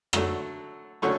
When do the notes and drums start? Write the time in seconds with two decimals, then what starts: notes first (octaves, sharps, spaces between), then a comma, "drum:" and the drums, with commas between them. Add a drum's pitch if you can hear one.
0.13 D3 F#3 A3, drum: rim click
1.02 D3 F#3 A3 C#4 C#5